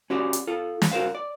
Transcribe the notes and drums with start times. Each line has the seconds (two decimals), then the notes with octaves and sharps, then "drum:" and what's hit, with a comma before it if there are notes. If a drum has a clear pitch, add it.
0.10 C#4 F#4 G4 D5
0.33 drum: hi-hat
0.47 F4 A4
0.82 drum: snare
0.91 F#4 A#4 C5 F5
1.15 D5